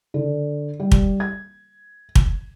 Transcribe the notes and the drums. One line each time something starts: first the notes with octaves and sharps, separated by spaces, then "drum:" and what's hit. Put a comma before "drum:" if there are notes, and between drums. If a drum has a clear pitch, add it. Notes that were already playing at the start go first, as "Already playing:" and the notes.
D3
G3
drum: kick
G#6
drum: kick